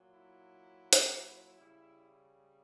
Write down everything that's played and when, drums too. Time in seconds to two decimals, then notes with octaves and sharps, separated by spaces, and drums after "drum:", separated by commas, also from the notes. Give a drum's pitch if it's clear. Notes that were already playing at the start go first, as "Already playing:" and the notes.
Already playing: A#2 F#3
0.13 E4
0.93 drum: hi-hat
1.57 C#3 G3 E4